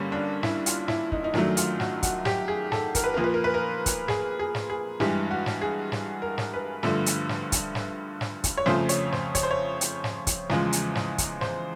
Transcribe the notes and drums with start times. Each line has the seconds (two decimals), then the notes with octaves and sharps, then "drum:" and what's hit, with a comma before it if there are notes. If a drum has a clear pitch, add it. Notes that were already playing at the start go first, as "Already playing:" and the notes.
Already playing: G2 D3 G3 A#3 C#4
0.12 D4
0.43 E4, drum: snare
0.66 F4, drum: hi-hat
0.88 E4, drum: snare
1.12 D#4, drum: kick
1.24 D#4
1.34 F#2 D#3 F#3 A3 D4, drum: snare
1.57 F4, drum: hi-hat
1.80 F#4, drum: snare
2.03 F#4, drum: kick, hi-hat
2.25 G4, drum: snare
2.48 G#4
2.72 A4, drum: snare
2.95 A#4, drum: kick, hi-hat
3.04 B4
3.14 A#2 F3 A#3 A#4
3.24 B4
3.34 A#4
3.44 B4
3.54 A#4
3.86 drum: kick, hi-hat
4.08 G#4, drum: snare
4.39 G#4
4.55 drum: snare
4.70 G#4
5.00 G2 E3 G#3 G4, drum: snare
5.31 F#4
5.46 drum: snare
5.62 G#4
5.92 drum: snare
6.22 A#4
6.38 drum: snare
6.54 B4
6.83 G2 D3 F3 A3, drum: snare
7.06 drum: hi-hat
7.29 drum: snare
7.52 drum: kick, hi-hat
7.75 drum: snare
8.21 drum: snare
8.44 drum: kick, hi-hat
8.57 C#5
8.66 F2 C#3 F3 A3 C5, drum: snare
8.89 C#5, drum: hi-hat
9.12 C5, drum: snare
9.35 C#5, drum: kick, hi-hat
9.43 C5
9.51 C#5
9.81 drum: hi-hat
10.04 drum: snare
10.27 drum: kick, hi-hat
10.50 E2 C#3 F3 G#3, drum: snare
10.73 drum: hi-hat
10.95 drum: snare
11.18 drum: kick, hi-hat
11.41 C5, drum: snare